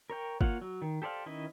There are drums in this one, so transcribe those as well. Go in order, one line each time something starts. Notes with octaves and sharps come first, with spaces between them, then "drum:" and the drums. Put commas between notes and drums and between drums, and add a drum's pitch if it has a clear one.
A#4 C#5 G5
A#3 F4 C#5 F5 F#5, drum: kick
F#3
D#3
G4 A4 C5 D5 F5
D#3 C#4 E4 B4 D#5